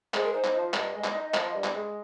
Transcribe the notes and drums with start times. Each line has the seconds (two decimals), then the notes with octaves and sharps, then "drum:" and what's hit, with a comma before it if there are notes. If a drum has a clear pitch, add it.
0.14 G#3 C5, drum: clap
0.24 A#4
0.33 D#4 C5
0.44 drum: clap
0.54 F3
0.74 G2 D#5, drum: clap
0.94 G#3
1.04 drum: clap
1.14 D#4
1.34 F3, drum: clap
1.54 G2
1.64 drum: clap
1.74 G#3